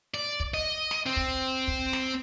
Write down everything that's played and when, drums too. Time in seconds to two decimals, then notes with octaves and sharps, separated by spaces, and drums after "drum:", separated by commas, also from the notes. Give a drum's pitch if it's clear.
0.14 D5
0.40 drum: kick
0.54 D#5
0.91 drum: snare
1.06 C4
1.16 drum: kick
1.68 drum: kick
1.93 drum: snare